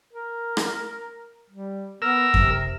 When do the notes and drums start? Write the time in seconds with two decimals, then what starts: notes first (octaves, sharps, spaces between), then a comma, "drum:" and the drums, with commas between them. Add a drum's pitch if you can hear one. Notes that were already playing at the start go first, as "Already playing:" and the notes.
0.13 A#4
0.57 drum: rim click
1.50 G3
2.02 B3 A#4 E6
2.34 C3, drum: kick F2